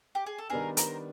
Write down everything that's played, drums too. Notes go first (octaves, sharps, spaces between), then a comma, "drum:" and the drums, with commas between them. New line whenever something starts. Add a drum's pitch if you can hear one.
G4
G#4
A4
D#3 G3 B3 D4 G#4 A#4
A#4 C5, drum: hi-hat